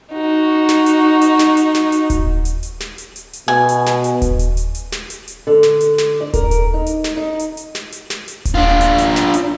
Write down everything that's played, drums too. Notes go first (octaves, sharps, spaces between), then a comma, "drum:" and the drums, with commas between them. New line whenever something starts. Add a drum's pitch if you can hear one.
D#4 F#4
drum: snare
drum: hi-hat
drum: hi-hat
drum: snare
drum: hi-hat
drum: snare
drum: hi-hat
drum: kick D#1, hi-hat
drum: hi-hat
drum: hi-hat
drum: snare
drum: hi-hat
drum: hi-hat
drum: hi-hat
B2 G#5
drum: hi-hat
drum: snare
drum: hi-hat
drum: kick D#1, hi-hat
drum: hi-hat
drum: hi-hat
drum: hi-hat
drum: snare
drum: hi-hat
drum: hi-hat
D3
drum: snare
drum: hi-hat
drum: snare
D5
A#4, drum: kick D#1, hi-hat
drum: hi-hat
D#4
drum: hi-hat
drum: snare
D#4
drum: hi-hat
drum: hi-hat
drum: snare
drum: hi-hat
drum: snare
drum: hi-hat
drum: kick D#1, hi-hat
D4 F4
drum: hi-hat
drum: hi-hat
drum: snare
drum: hi-hat